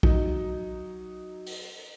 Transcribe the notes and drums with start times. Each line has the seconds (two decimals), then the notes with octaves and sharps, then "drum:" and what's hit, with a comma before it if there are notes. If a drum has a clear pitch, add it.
0.03 F#3 D#4, drum: kick
1.47 drum: open hi-hat